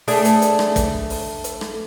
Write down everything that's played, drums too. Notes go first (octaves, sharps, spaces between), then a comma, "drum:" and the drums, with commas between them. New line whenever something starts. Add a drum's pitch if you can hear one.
A3 D4 G#4, drum: open hi-hat
drum: hi-hat
drum: hi-hat
drum: rim click
drum: kick, hi-hat
drum: open hi-hat
drum: hi-hat
drum: rim click